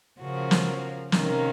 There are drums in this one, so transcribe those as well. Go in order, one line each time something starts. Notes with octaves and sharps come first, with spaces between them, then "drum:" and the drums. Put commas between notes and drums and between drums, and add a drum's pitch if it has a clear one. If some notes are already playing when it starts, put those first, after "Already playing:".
C#3 F3 A#3 F#4
drum: snare
C3 D#3 A#3 C#4, drum: snare